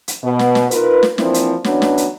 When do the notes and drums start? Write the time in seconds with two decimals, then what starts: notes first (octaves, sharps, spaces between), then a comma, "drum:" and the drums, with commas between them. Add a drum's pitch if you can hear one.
0.08 drum: hi-hat
0.24 B2
0.39 drum: snare
0.55 drum: snare
0.71 D#4 F4 A#4 B4, drum: hi-hat
1.03 drum: snare
1.18 E3 F3 A#3 C4 D4 E4, drum: snare
1.34 drum: hi-hat
1.64 E3 F#3 B3 C#4 D4, drum: snare
1.82 drum: snare
1.98 drum: hi-hat